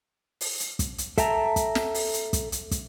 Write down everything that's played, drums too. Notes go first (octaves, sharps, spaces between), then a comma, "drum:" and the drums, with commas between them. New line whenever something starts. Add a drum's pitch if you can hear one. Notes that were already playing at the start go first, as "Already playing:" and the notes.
drum: open hi-hat
drum: hi-hat
drum: kick, hi-hat
drum: hi-hat
A4 E5 G5 A5 A#5, drum: kick, hi-hat
drum: kick, hi-hat
drum: snare
drum: open hi-hat
drum: hi-hat
drum: kick, hi-hat
drum: hi-hat
drum: kick, hi-hat